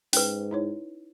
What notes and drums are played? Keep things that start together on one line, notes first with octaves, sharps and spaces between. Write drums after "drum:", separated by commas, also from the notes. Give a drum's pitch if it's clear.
G#2 C#4 B4, drum: open hi-hat
D#4 E4 C#5